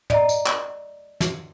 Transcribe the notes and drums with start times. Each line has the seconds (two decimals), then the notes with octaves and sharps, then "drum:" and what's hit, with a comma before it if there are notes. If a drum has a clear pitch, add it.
0.10 D5 D#5 A#5, drum: tom
0.29 drum: tambourine
0.46 drum: clap
1.21 drum: snare